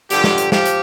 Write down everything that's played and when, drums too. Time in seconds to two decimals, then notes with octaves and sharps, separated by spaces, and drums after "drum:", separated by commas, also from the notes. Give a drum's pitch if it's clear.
0.10 G2 D3 F3 G4, drum: hi-hat
0.24 drum: snare
0.38 drum: hi-hat
0.52 F3 G4, drum: snare
0.65 drum: hi-hat